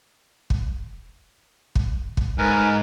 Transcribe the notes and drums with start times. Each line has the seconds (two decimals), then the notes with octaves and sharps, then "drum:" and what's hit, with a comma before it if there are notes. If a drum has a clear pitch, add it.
0.50 drum: kick
1.75 drum: kick
2.17 drum: kick
2.38 G#2 A#4 B4 G#5